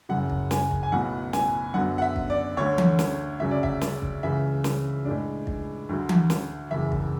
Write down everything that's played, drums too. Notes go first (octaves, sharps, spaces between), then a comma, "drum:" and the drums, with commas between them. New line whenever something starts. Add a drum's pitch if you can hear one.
F#1 F#2 C#3 F#5
drum: kick
G#5, drum: snare
drum: kick
G#5
B1 A2 F#3 B3 F#5
G#5, drum: snare
F#2 D3 F#3 B3 F#5
F#5
E5
drum: kick
D5
D2 D3 A3 C#5
drum: tom E3
drum: snare
D2 C#3 F#3 C#4 E5
D5
E5, drum: kick
drum: snare
drum: kick
C#2 C#3 E3 E5
drum: snare
A2 G#3 D4
drum: kick
D2 D3 F#3
drum: tom E3
drum: snare
F#1 E2 C#3 E5
drum: kick